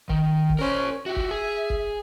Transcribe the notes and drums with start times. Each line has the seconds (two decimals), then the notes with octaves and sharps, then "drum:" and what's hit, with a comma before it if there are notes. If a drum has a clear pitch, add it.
0.09 D#3, drum: kick F#1
0.50 drum: kick F#1
0.59 C#4 A#4 C5
1.06 F#4 G4 E5
1.16 drum: kick F#1
1.31 G#4
1.70 drum: kick F#1